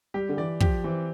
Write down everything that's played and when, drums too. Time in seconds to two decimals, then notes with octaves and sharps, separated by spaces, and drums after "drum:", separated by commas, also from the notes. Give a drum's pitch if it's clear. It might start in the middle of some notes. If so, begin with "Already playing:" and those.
0.14 G3 G4
0.29 D3
0.37 E3 D5
0.60 F3 G4, drum: kick
0.84 E3 C4